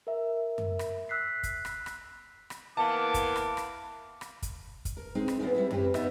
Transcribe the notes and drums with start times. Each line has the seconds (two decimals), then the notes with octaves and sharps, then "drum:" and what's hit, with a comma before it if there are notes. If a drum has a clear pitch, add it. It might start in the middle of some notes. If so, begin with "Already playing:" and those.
0.07 A#4 E5
0.58 drum: tom F#2
0.79 drum: rim click
1.09 E6 F#6 B6 C7
1.43 drum: kick, hi-hat
1.65 drum: rim click
1.86 drum: rim click
2.50 drum: rim click
2.77 E3 A#3 B3 A5 D6
3.14 drum: kick, hi-hat
3.36 drum: rim click
3.57 drum: rim click
4.21 drum: rim click
4.42 drum: kick, hi-hat
4.85 drum: kick, hi-hat
4.97 A#4
5.15 G#3 C4 D#4
5.28 drum: rim click
5.40 E3 F3 A#3 B3 C#4
5.55 G3 C4 E4
5.71 C4 C#4 G4 B4, drum: tom F#2
5.94 E2 B3 D#4 E5, drum: rim click